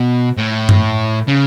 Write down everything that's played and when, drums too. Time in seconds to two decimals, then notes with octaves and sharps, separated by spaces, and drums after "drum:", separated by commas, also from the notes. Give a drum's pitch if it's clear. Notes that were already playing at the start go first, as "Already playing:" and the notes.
Already playing: B2
0.37 A2
0.69 drum: tom G2
1.28 C#3